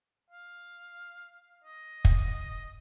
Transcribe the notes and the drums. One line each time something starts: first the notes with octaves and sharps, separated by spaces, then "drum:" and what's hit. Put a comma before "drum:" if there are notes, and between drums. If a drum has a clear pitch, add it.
F5
D#5
drum: kick